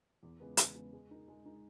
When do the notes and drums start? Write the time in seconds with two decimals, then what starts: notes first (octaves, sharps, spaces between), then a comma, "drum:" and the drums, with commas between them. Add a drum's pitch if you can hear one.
0.23 E2
0.40 C#3 G#3 B3
0.57 E2, drum: hi-hat
0.75 C#3 G#3 B3
0.93 G#3
1.11 D#4 A#4
1.28 G#3
1.46 D#4 A#4